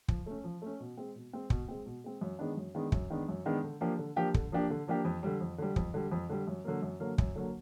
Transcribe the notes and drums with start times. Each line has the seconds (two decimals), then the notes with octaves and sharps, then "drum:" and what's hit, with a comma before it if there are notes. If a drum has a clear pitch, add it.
0.08 F3, drum: kick
0.26 A3 C#4
0.44 F3
0.62 A3 C#4
0.80 B2
0.97 G#3 C4
1.15 B2
1.33 G#3 C4
1.50 B2, drum: kick
1.68 G#3 C4
1.86 B2
2.04 G#3 C4
2.21 F#2
2.39 D#3 G#3 B3 D4
2.57 F#2
2.75 D#3 G#3 B3 D4
2.92 F#2, drum: kick
3.10 D#3 G#3 B3 D4
3.28 F#2
3.46 D#3 G#3 B3 D4
3.64 D3
3.81 F3 A#3 D4 G4
3.99 D3
4.16 F3 A#3 D4 G4
4.34 D3, drum: kick
4.52 F3 A#3 D4 G4
4.70 D3
4.88 F3 A#3 D4 G4
5.05 F2
5.23 D3 G3
5.41 F2
5.58 D3 G3
5.76 F2, drum: kick
5.94 D3 G3
6.12 F2
6.29 D3 G3
6.47 F#2
6.65 D3 F#3 A#3
6.82 F#2
7.00 D3 F#3 A#3
7.18 F#2, drum: kick
7.36 D3 F#3 A#3